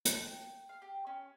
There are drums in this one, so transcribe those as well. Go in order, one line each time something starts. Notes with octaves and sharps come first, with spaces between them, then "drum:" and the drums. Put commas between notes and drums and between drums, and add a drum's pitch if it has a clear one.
A5, drum: hi-hat
G5
F5
G4
C#4